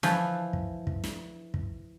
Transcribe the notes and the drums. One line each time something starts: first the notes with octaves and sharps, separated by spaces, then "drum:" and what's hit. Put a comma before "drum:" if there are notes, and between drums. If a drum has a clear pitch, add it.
E3 F3, drum: snare
drum: kick
drum: kick
drum: snare
drum: kick